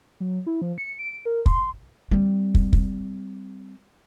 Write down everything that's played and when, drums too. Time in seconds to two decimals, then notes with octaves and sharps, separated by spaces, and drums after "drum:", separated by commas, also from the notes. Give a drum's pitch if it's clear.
0.20 F#3
0.47 E4
0.62 F3
0.78 C#7
0.99 D7
1.25 A#4
1.46 C6, drum: kick
2.11 G3 C4
2.55 drum: kick
2.73 drum: kick